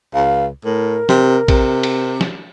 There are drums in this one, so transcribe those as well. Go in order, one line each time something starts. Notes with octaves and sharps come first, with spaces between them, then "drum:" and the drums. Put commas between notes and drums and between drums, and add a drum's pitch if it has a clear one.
C#2 F5
A2 A#4
C3, drum: snare
C3, drum: kick, cymbal
drum: cymbal
drum: snare